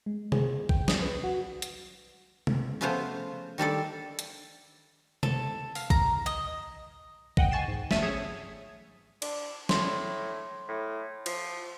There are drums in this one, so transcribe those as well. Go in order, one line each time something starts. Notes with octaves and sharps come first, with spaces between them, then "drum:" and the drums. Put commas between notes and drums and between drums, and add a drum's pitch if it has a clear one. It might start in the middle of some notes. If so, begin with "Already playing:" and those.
G#3
G#4, drum: tom C3
G5, drum: kick A#1
D#6, drum: snare
B4
F#4
drum: hi-hat
drum: tom C3
C#3 F3 A3 B3 F4 C5
D#3 G3 D4 A4
drum: hi-hat
A4, drum: tom C3
F5, drum: open hi-hat
A#5, drum: kick A#1
D#5
D#5 F#5 G5, drum: kick A#1
G#5 C#6 A6 C7 E7
G#2
G1 A3 E5 E6 D#7, drum: snare
A1 G#4 C#5 E5 D#6 G#6
D4, drum: cymbal
A2 C6, drum: snare
A2
F3, drum: cymbal